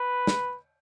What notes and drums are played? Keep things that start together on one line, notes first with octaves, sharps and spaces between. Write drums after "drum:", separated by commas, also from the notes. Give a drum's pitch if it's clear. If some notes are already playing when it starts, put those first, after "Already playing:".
Already playing: B4
drum: snare